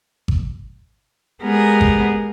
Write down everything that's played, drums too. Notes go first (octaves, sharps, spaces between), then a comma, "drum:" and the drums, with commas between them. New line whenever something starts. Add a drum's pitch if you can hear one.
drum: kick G#1
G#3 B3 G4 G#4 A#4
drum: kick G#1